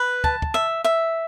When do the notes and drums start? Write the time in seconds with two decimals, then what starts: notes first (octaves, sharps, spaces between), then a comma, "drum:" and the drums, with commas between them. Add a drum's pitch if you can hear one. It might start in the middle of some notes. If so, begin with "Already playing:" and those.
Already playing: B4
0.24 A5, drum: kick
0.42 drum: kick
0.54 E5
0.84 E5